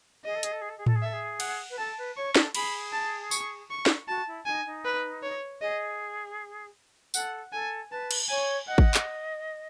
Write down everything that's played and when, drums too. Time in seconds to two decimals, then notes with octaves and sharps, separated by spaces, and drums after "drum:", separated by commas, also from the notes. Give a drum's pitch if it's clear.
0.25 G#4 D#5
0.34 A4
0.43 G#4, drum: hi-hat
0.51 A4
0.61 G#4
0.69 A4
0.77 G#4
0.86 A4, drum: tom A2
0.95 G#4
1.02 A4 E5
1.12 G#4
1.40 F#5, drum: cymbal
1.70 B4
1.78 A4 A5
1.97 B4
2.16 C#5 C#6
2.35 A4, drum: snare
2.55 G#4 B5, drum: cymbal
2.93 A5
3.31 C#6, drum: tambourine
3.70 C#6
3.86 drum: snare
4.08 F#4 A5
4.27 E4
4.46 D#4 G#5
4.66 D#4
4.85 B4
5.23 C#5
5.61 G#4 D#5
7.14 A4 F#5, drum: tambourine
7.52 A4 G#5
7.90 B4 A5
8.11 drum: cymbal
8.29 C#5 G#5
8.67 D#5 F#5
8.78 drum: kick
8.94 drum: clap